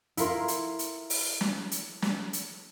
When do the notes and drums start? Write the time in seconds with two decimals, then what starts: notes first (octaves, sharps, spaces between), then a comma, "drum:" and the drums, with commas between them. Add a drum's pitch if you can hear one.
0.17 E4 F4 A#4 C6, drum: hi-hat
0.48 drum: hi-hat
0.79 drum: hi-hat
1.10 drum: open hi-hat
1.41 drum: snare
1.71 drum: hi-hat
2.02 drum: snare
2.33 drum: hi-hat